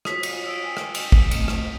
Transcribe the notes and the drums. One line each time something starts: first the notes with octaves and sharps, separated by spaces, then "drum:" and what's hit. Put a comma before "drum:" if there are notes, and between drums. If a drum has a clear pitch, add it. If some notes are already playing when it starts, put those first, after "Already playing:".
F4 F#4 C#5 D#6 B6, drum: rim click
drum: cymbal
E6 D7
G5 G#5
drum: rim click
drum: cymbal
drum: kick
A3 C4 D#5, drum: cymbal
drum: rim click